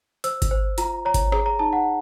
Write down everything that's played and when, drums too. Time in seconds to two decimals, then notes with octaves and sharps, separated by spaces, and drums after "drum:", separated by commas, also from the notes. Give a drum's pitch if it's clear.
0.24 C5 E6, drum: hi-hat
0.42 drum: kick G#1, hi-hat
0.51 C5
0.78 F4 A#5, drum: hi-hat
1.05 C#5 A#5
1.14 drum: kick G#1, hi-hat
1.32 G#4 A#5, drum: rim click
1.46 A#5
1.59 D#4 A5
1.73 F#5